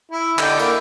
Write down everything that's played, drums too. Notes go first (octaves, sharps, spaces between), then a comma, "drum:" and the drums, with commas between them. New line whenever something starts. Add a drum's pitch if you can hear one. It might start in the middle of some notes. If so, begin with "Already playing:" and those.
E4
D3 D#4 G5, drum: clap
A#3 E4, drum: tambourine